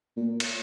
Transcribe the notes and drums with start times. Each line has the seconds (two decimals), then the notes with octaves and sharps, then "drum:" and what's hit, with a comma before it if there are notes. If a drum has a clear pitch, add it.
0.17 A#2
0.40 drum: cymbal